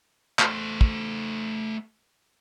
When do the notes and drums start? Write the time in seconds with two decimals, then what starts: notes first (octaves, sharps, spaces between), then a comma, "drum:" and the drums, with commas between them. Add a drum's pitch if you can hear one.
0.39 A3 C5, drum: clap
0.81 drum: kick